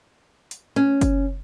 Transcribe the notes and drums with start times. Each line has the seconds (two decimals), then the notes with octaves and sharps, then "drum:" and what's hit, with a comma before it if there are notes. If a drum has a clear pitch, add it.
0.51 drum: hi-hat
0.76 C#4
1.01 drum: kick F#1, hi-hat